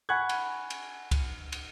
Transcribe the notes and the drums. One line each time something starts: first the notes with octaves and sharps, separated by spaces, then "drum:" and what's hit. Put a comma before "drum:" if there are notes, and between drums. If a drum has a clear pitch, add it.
F#5 G#5 B5 C#6 F#6 G#6
drum: cymbal
drum: cymbal
drum: kick C#2, cymbal
drum: cymbal